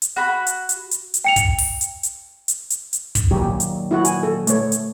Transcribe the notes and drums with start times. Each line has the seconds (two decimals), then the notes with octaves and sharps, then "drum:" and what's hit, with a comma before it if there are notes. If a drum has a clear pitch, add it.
0.02 drum: hi-hat
0.16 F#4 B5
0.47 drum: hi-hat
0.69 drum: hi-hat
0.91 drum: hi-hat
1.14 drum: hi-hat
1.25 G5 C#7 F7
1.36 drum: kick, hi-hat
1.58 drum: open hi-hat
1.81 drum: hi-hat
2.03 drum: hi-hat
2.48 drum: hi-hat
2.70 drum: hi-hat
2.93 drum: hi-hat
3.15 drum: kick, hi-hat
3.31 A#2 D#3 F#3 G4
3.60 drum: hi-hat
3.91 E4 F#4 F#5
4.05 G#5, drum: hi-hat
4.23 A4
4.47 A3 C#5, drum: hi-hat
4.72 drum: hi-hat